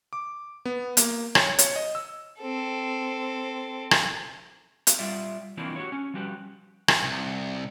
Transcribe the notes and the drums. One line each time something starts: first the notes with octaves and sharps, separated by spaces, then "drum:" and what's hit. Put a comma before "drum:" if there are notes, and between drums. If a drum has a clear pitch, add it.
D6
B3
A#3, drum: hi-hat
C#5, drum: rim click
C#5, drum: hi-hat
D#5
E6
C4 A4
drum: rim click
drum: hi-hat
G3 F4 D5 E5
E3 F3 A#3 C4 D4 E4
F#4 G4 C#5
C#4
F3 G3 F#4 G4 B4
drum: rim click
C2